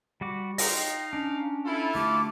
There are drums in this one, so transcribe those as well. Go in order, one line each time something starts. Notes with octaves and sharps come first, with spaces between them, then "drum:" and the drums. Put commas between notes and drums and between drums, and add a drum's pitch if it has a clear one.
G3 F#4 D6
D#4 D#5 F5 G5 C6, drum: open hi-hat
C#4 D4
E4 F4 A4
D3 A3 G4 D6